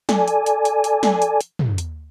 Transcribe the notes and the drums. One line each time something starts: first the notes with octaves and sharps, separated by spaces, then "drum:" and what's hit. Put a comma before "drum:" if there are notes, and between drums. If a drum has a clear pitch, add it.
A4 D5 G#5, drum: snare
drum: hi-hat
drum: hi-hat
drum: hi-hat
drum: hi-hat
drum: snare
drum: hi-hat
drum: hi-hat
drum: tom
drum: hi-hat